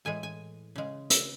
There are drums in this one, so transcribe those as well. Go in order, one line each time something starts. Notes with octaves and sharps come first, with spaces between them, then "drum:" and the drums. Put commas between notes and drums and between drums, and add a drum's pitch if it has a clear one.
A2 E3 G#3 G#5
G#5
C#3 G#3
E5, drum: hi-hat